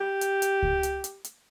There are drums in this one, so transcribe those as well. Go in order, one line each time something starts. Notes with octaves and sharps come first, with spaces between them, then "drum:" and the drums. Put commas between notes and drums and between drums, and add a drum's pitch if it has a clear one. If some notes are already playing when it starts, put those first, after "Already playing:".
G4
drum: hi-hat
drum: hi-hat
drum: kick C#2
drum: hi-hat
drum: hi-hat
drum: hi-hat